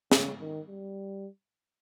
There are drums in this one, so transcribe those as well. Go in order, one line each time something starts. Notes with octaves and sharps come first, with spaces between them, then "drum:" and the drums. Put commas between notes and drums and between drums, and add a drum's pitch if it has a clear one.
C#3, drum: snare
D#3
G3